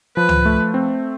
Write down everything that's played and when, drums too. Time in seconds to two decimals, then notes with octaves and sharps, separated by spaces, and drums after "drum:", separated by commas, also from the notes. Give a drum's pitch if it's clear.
0.16 F3 B4
0.29 drum: tom C#2
0.45 A3
0.74 C4